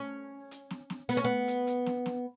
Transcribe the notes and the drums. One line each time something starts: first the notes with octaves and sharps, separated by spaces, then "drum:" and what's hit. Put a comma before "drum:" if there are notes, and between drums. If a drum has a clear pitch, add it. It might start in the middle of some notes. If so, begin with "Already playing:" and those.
Already playing: C#4
drum: hi-hat
drum: snare
drum: snare
B3, drum: hi-hat
C#4
B3
drum: hi-hat
drum: hi-hat
drum: snare
drum: snare